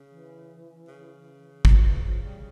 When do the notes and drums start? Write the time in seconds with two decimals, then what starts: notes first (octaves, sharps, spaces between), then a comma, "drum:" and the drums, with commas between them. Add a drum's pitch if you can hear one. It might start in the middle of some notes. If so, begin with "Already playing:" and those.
Already playing: C#3
0.11 E3
0.87 C#3
1.65 F3, drum: kick
1.84 E3
2.04 F3
2.23 G3